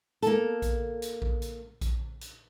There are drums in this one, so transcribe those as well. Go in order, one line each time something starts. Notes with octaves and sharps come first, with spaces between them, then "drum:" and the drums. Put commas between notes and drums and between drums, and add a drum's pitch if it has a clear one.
A#3 A4, drum: hi-hat
drum: kick A#1, hi-hat
drum: hi-hat
drum: kick A#1
drum: hi-hat
drum: kick A#1, hi-hat
drum: hi-hat